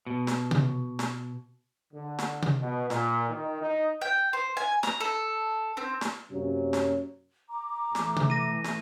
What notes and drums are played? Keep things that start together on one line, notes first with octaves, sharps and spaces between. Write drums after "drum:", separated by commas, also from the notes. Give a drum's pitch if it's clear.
B2
drum: snare
drum: tom C3
drum: snare
D3
drum: snare
drum: tom C3
B2
A#2, drum: snare
D#3
D#4
G5
C5
G#5
A#5, drum: snare
A4
C4
drum: snare
F#2 C3 F#3 A#3 C#4
drum: snare
A#5 D6
E3 A3, drum: snare
drum: tom C3
A#6 D#7
drum: snare